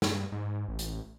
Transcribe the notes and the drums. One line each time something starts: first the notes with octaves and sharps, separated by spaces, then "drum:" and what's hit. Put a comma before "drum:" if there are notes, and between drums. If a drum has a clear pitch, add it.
G2, drum: snare
G#2
A1
drum: hi-hat